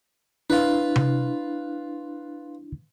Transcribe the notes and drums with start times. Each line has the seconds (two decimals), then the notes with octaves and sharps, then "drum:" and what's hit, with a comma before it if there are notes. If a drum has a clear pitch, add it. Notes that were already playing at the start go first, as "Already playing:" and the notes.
0.50 D4 E4 F4 B4
0.96 drum: tom C3